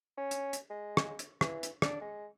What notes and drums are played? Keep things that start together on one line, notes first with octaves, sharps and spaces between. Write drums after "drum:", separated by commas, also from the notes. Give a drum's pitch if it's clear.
C#4
drum: hi-hat
drum: hi-hat
G#3
drum: rim click
drum: hi-hat
E3, drum: rim click
drum: hi-hat
D4, drum: rim click
G#3